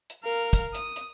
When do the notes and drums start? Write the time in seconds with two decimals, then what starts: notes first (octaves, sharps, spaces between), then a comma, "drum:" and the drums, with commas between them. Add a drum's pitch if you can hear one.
0.10 drum: hi-hat
0.24 A#4 F5
0.53 drum: kick, hi-hat
0.75 D#6, drum: hi-hat
0.96 drum: hi-hat